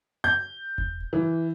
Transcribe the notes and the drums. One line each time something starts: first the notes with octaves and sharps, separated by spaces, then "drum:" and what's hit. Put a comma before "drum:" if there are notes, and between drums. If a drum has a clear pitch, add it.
G6
drum: kick E1
E3